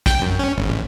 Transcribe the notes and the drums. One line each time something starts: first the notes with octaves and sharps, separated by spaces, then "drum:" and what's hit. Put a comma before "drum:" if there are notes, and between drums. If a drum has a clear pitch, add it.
G5, drum: kick A#1, hi-hat
F#2
C#4
G#1
A1